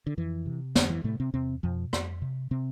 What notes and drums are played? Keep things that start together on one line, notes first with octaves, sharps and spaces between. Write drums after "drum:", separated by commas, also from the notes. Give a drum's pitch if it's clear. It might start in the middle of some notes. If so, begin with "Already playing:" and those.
D3
F2 E3
C3
F2 D3, drum: snare
E3
A2 C3 A3
C3 C4
E2 C3 C4
F2 B2 F3
F2, drum: rim click
C3
C3 C4